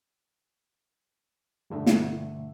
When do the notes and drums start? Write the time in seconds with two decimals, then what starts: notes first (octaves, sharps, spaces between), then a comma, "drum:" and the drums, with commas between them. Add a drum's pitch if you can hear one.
1.70 G2 B2 D3 A3 E5
1.86 drum: snare